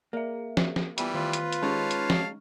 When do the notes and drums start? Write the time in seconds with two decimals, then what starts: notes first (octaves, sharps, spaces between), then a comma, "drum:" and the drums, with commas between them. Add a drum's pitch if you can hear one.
0.13 A#3 G#4 E5
0.57 drum: snare
0.76 drum: snare
0.98 E3 G3 B3 D#7, drum: hi-hat
1.14 D#3 F4 B4
1.33 drum: hi-hat
1.53 drum: hi-hat
1.63 G#3 C#4 D#4 C#5 F5 A5 C#6 F6
1.91 drum: hi-hat
2.10 drum: snare